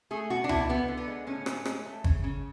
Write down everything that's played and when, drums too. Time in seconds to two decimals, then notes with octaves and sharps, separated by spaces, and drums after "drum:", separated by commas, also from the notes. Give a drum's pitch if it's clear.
0.11 A3 G#4
0.30 B2 F#4
0.44 D4
0.49 B2 E4, drum: tom C#2
0.69 D3 B3
0.88 D3
0.97 B3
1.08 G#3
1.27 A2 C#4
1.46 A2, drum: rim click
1.65 G#3, drum: rim click
1.85 A3
2.04 C#3, drum: kick
2.24 C#3